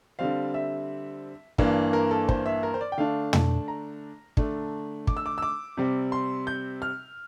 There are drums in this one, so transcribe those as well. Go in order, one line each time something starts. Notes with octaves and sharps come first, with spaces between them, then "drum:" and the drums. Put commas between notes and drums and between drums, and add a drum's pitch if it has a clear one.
D3 G3 C4 F5
E5
G2 E3 A#3 D4, drum: kick
A#4
A4
C5, drum: kick
E5
A#4
C5
D5
G5
D3 A3 D4 F5
A5, drum: tom
A#5
D3 A3 D4, drum: kick
D6, drum: kick
E6
D6
E6
D6
C3 G3 C4
C6
G6
F6